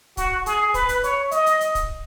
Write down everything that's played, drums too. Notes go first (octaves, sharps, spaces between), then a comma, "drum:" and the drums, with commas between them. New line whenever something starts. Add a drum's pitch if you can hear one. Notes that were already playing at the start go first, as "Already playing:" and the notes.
F#4, drum: kick, hi-hat
G#4, drum: hi-hat
B4, drum: kick, hi-hat
drum: hi-hat
C#5, drum: hi-hat
D#5, drum: hi-hat
drum: hi-hat
drum: hi-hat
drum: kick, hi-hat